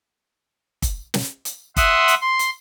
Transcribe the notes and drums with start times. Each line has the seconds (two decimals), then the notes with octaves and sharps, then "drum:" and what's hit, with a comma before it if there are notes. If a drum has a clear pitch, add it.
0.82 drum: kick, hi-hat
1.14 drum: snare
1.45 drum: hi-hat
1.77 E5 F#5 C6 D#6, drum: kick, hi-hat
2.08 drum: hi-hat
2.22 C6
2.39 drum: hi-hat